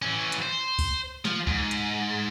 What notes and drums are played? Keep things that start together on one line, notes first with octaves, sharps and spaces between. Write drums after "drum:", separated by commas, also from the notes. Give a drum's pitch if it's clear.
E3 C#4
drum: hi-hat
C5
drum: kick, open hi-hat
F3, drum: snare
G#2, drum: kick
drum: hi-hat